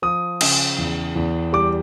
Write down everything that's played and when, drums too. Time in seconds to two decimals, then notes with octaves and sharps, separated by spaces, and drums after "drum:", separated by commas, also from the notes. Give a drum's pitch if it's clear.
0.02 F3 D#6
0.41 C#3, drum: cymbal
0.78 E2
1.16 E2
1.53 G3 D6